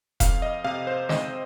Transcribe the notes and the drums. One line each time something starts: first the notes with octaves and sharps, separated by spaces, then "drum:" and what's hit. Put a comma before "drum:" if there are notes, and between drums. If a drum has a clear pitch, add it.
F2 F5, drum: kick E1, hi-hat
D#5
C3 F5
C5
C4 D#5, drum: snare